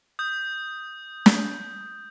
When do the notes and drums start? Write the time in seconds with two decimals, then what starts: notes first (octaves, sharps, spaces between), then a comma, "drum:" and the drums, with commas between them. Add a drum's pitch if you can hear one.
0.19 D#6 G6
1.26 drum: snare